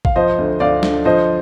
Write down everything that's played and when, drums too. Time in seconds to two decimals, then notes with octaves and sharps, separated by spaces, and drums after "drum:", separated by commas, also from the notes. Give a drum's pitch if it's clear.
0.05 F5, drum: kick A1
0.16 F3 C5 D#5
0.38 D2
0.60 D2 D5 F5
0.83 D3, drum: snare
1.05 F3 C5 D#5